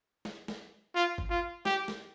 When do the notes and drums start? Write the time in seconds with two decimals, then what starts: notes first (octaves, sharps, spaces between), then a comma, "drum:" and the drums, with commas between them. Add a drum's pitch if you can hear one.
0.25 drum: snare
0.48 drum: snare
0.95 F4
1.18 drum: kick G1
1.30 F4
1.65 G4, drum: snare
1.88 drum: snare